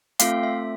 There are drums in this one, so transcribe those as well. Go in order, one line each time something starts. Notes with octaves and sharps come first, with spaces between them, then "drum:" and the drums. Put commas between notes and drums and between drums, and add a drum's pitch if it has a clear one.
A3 C4 F4 A4 F5, drum: hi-hat
E5